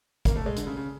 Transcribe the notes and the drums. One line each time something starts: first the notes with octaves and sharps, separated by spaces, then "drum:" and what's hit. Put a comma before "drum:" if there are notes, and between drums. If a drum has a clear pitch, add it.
A#3, drum: kick, hi-hat
A3
G#3
D3, drum: hi-hat
C#3
C#3